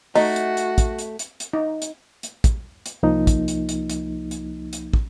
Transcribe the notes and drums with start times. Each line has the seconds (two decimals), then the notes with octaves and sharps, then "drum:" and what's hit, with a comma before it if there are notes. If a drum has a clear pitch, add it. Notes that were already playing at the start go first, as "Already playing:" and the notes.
0.15 A3 D#4 F#4, drum: open hi-hat
0.36 drum: hi-hat
0.57 drum: hi-hat
0.78 drum: kick, hi-hat
0.99 drum: hi-hat
1.19 drum: hi-hat
1.40 drum: hi-hat
1.53 D#4
1.82 drum: hi-hat
2.23 drum: hi-hat
2.44 drum: kick, hi-hat
2.86 drum: hi-hat
3.03 C2 F3 A#3 D#4
3.27 drum: kick, hi-hat
3.48 drum: hi-hat
3.69 drum: hi-hat
3.90 drum: hi-hat
4.31 drum: hi-hat
4.73 drum: hi-hat
4.94 drum: kick